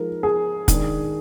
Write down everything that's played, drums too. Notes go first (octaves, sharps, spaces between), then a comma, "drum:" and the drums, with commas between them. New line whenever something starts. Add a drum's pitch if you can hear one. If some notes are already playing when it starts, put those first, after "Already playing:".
Already playing: F3 G#3 D#4 A#4
G#4
D#3 G#3 D4, drum: kick, hi-hat